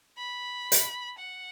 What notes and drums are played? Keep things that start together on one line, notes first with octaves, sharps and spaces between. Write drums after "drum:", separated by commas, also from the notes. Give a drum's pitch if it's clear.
B5
drum: hi-hat
F#5